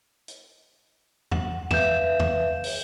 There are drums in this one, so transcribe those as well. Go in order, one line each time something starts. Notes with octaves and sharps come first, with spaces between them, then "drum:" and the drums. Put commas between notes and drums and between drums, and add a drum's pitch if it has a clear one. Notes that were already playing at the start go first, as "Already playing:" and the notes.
drum: hi-hat
F#5, drum: tom E2
B4 E5 F5 G6 E7, drum: tom E2
drum: tom E2
drum: open hi-hat